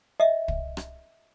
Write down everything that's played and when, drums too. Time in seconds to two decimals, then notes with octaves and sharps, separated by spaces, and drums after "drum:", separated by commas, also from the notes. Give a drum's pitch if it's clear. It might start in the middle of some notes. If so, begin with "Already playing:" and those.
0.20 D#5 E5
0.48 drum: kick
0.77 drum: rim click